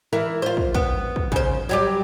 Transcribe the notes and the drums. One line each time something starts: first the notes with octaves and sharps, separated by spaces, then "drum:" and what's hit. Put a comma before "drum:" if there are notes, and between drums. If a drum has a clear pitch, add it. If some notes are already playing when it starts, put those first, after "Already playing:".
E3 E4 A#4
F4 C5
drum: kick
B3, drum: kick
drum: kick
C#3 C5, drum: kick
F#3 G3 G4